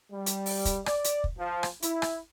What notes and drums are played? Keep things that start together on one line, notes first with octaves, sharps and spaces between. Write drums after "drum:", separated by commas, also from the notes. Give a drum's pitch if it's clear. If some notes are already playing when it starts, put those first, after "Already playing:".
G3
drum: hi-hat
drum: open hi-hat
drum: kick, hi-hat
D5, drum: rim click
drum: hi-hat
drum: kick
F3
drum: rim click
E4, drum: hi-hat
drum: rim click